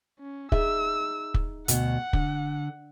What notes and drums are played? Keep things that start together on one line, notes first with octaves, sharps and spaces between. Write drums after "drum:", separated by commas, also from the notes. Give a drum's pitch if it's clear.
C#4
D#4 G#4 E5 E6, drum: kick
drum: kick
D2 B2 F#5, drum: hi-hat
D3, drum: kick